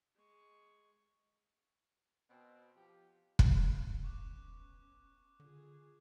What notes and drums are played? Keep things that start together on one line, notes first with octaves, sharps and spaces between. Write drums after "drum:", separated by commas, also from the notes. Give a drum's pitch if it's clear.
G#3 C#6
B2 C4
F3 G4
drum: kick
B3 C#4 C#6 D6 F#6
D3 F4 G#4